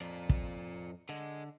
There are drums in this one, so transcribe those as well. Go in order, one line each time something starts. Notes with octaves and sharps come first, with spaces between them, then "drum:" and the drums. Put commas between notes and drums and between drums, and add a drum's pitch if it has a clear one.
F2 F4 D5
drum: kick
D3 G#4 D#5